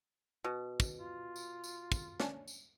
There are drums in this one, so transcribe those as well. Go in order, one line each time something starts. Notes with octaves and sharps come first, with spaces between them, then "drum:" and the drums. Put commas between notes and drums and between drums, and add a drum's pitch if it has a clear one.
B2
drum: kick, tambourine
F4
drum: tambourine
drum: tambourine
drum: kick, tambourine
C#4 D4, drum: snare
drum: tambourine